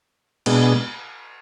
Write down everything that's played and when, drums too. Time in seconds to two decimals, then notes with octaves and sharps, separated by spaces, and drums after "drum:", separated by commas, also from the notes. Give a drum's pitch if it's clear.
0.46 B2 G#3 B3 D4 G#4, drum: cymbal